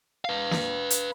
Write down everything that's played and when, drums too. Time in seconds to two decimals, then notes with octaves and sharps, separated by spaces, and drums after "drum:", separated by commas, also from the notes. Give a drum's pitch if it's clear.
0.25 B4 F5
0.51 drum: snare
0.90 drum: hi-hat